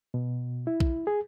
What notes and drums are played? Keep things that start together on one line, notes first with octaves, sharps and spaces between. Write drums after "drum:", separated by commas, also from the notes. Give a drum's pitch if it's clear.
B2
E4
drum: kick B1
G#4